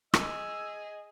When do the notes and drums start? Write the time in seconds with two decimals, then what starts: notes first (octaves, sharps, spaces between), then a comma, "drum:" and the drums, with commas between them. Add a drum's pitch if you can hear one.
0.14 G#4 D#5 E6, drum: rim click